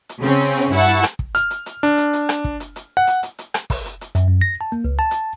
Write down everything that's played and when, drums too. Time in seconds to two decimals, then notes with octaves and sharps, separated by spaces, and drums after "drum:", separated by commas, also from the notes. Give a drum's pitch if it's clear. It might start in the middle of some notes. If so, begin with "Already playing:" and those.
0.09 drum: hi-hat
0.20 C#3 C4 C#4
0.41 drum: hi-hat
0.56 drum: hi-hat
0.72 G2 E4 F#5 A5 C#6, drum: hi-hat
0.88 drum: hi-hat
1.03 drum: rim click
1.19 drum: kick
1.35 F6, drum: hi-hat
1.50 drum: hi-hat
1.66 drum: hi-hat
1.83 D4, drum: hi-hat
1.97 drum: hi-hat
2.13 drum: hi-hat
2.29 drum: rim click
2.44 drum: kick
2.60 drum: hi-hat
2.76 drum: hi-hat
2.97 F#5
3.07 drum: hi-hat
3.23 drum: hi-hat
3.39 drum: hi-hat
3.54 drum: rim click
3.70 drum: kick, open hi-hat
3.86 drum: hi-hat
4.01 drum: hi-hat
4.15 F#2, drum: hi-hat
4.28 F#2
4.41 A#6
4.61 A5
4.72 A#3
4.84 C#2
4.99 A5
5.11 drum: hi-hat